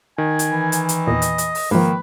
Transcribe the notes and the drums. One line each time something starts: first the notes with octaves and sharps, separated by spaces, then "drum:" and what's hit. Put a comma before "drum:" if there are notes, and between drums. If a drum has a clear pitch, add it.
D#3 G#5
drum: hi-hat
E3
drum: hi-hat
drum: hi-hat
E2 A#2 D#5
drum: hi-hat
drum: hi-hat
drum: open hi-hat
G#2 D#3 F3 A#3 B4